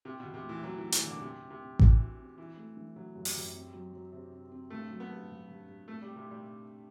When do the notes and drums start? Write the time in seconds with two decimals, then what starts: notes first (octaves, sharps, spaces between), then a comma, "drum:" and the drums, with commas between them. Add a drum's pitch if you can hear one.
0.05 C3 C4
0.20 B2
0.25 E2
0.34 C3
0.44 A3
0.49 E3
0.63 F#3 C4
0.78 E3
0.83 A3
0.92 E3, drum: hi-hat
1.02 E2
1.07 D3
1.22 C3 G3
1.41 C4
1.50 C3
1.61 C4
1.79 E3 G3, drum: kick A1
1.99 F#4
2.19 C4
2.38 E3 E4
2.57 A3
2.77 E3
2.96 E3 F#3
3.15 F#2
3.25 G3, drum: open hi-hat
3.35 F#2
3.54 C4
3.74 F#3
3.93 F#3
4.13 C3
4.32 C4
4.51 C4
4.70 G2 A3
4.90 F#3
5.00 B3
5.10 G2
5.29 G2
5.49 G2
5.68 G2
5.87 A3 C4
6.02 G3
6.07 C4
6.16 C3
6.26 G3 A3